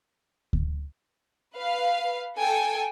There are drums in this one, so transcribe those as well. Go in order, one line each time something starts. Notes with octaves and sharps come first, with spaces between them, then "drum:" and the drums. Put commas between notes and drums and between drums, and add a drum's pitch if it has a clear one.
drum: kick D2
B4 F5
A4 G5 G#5